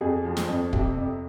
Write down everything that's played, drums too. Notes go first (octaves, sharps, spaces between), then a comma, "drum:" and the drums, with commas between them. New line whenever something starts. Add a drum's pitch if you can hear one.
F2 G#4 G#5
F3
drum: snare
F2
C3, drum: kick
F2